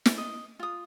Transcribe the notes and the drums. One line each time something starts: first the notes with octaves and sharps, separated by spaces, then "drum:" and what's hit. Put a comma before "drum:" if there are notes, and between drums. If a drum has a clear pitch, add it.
drum: snare
D#5
F4 D#6